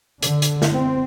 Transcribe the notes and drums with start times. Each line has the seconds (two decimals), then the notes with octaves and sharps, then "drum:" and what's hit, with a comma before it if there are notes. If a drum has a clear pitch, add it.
0.22 D3, drum: hi-hat
0.42 drum: hi-hat
0.62 drum: snare
0.74 C4